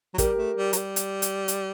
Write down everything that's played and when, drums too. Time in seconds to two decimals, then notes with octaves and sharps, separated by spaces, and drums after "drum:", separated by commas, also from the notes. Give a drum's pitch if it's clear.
0.14 F#3
0.18 G3 G4 A#4, drum: kick, hi-hat
0.38 A3
0.57 G3
0.73 F#3, drum: hi-hat
0.77 G3
0.96 drum: hi-hat
1.22 drum: hi-hat
1.48 drum: hi-hat